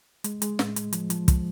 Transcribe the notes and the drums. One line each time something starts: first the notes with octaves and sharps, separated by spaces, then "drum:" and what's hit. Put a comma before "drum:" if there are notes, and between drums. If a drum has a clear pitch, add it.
G#3, drum: hi-hat
G#3, drum: hi-hat
A2, drum: snare
G#3, drum: hi-hat
F3, drum: hi-hat
F3, drum: hi-hat
F3, drum: kick, hi-hat